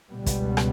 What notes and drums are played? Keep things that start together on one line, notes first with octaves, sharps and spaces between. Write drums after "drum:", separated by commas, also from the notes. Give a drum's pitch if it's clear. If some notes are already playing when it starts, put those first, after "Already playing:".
C#2 B2 G3 B3
drum: kick, hi-hat
drum: rim click